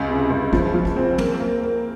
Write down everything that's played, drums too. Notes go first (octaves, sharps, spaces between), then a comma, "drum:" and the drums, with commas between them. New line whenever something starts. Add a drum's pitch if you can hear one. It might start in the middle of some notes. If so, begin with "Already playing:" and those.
Already playing: C#2
C3
C#2
F3, drum: kick A1
F3
drum: kick A1
C4
A#3, drum: tom
A#3
A#3